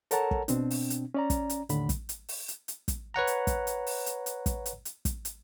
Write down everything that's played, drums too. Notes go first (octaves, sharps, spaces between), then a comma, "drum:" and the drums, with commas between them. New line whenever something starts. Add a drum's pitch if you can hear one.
A4 A#4 C#5 F#5 A5 A#5, drum: hi-hat
drum: kick
B2 C4 D4, drum: hi-hat
drum: open hi-hat
drum: hi-hat
C#4 D5 A#5
drum: kick, hi-hat
drum: hi-hat
D#2 A2 D3 B5, drum: hi-hat
drum: kick, hi-hat
drum: hi-hat
drum: open hi-hat
drum: hi-hat
drum: hi-hat
drum: kick, hi-hat
B4 C#5 F#5 A#5
drum: hi-hat
drum: kick, hi-hat
drum: hi-hat
drum: open hi-hat
drum: hi-hat
drum: hi-hat
drum: kick, hi-hat
drum: hi-hat
drum: hi-hat
drum: kick, hi-hat
drum: hi-hat